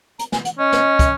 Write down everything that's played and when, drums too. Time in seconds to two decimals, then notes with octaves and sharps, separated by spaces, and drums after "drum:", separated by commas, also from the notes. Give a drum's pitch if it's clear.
0.19 A#5, drum: hi-hat
0.32 G#5, drum: snare
0.45 F#5, drum: hi-hat
0.59 C#4 D#5
0.72 drum: snare
0.99 drum: kick, hi-hat